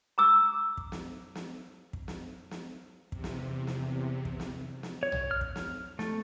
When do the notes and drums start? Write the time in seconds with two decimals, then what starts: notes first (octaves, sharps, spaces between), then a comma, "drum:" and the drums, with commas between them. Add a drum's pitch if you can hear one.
0.18 A#5 D6 E6
0.77 drum: kick
0.92 drum: snare
1.35 drum: snare
1.93 drum: kick
2.08 drum: snare
2.51 drum: snare
3.12 E2 C3, drum: kick
3.24 drum: snare
3.67 drum: snare
4.25 drum: kick
4.40 drum: snare
4.83 drum: snare
5.03 C#5
5.12 drum: tom B1
5.31 F6
5.41 drum: kick
5.56 drum: snare
5.99 A3, drum: snare